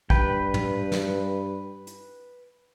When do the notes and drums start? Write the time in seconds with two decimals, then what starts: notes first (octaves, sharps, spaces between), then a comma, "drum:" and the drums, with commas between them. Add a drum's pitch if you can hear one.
0.10 G2 B4 G5, drum: kick
0.54 drum: tom
0.92 drum: snare
1.87 drum: hi-hat